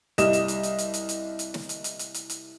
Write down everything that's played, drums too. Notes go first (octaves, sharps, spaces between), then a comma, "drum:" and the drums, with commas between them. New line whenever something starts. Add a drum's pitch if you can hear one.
C2 G3 D#5 E7, drum: hi-hat
drum: hi-hat
drum: hi-hat
drum: hi-hat
drum: hi-hat
drum: hi-hat
drum: hi-hat
drum: hi-hat
drum: snare
drum: hi-hat
drum: hi-hat
drum: hi-hat
drum: hi-hat
drum: hi-hat